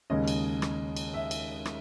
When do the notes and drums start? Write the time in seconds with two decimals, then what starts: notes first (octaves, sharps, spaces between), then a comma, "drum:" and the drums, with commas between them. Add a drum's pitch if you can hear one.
0.10 D#2 C#3 G#3 D#5
0.28 drum: cymbal
0.62 drum: rim click
0.96 drum: cymbal
1.14 E5
1.31 drum: cymbal
1.65 drum: rim click